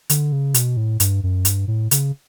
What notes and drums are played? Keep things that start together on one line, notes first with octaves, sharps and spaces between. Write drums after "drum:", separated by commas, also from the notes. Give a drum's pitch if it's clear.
D3, drum: hi-hat
C#3
B2, drum: hi-hat
A2
G2, drum: hi-hat
F#2
G2, drum: hi-hat
A2
C#3, drum: hi-hat